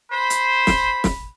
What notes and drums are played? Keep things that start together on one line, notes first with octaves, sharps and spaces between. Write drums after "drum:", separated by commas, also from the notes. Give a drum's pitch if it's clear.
C5 B5
drum: hi-hat
drum: snare
drum: snare